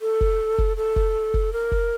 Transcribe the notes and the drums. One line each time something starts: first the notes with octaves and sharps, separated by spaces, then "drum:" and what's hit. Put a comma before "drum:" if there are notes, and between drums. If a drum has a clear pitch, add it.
A4
drum: kick
drum: kick
A4
drum: kick
drum: kick
A#4
drum: kick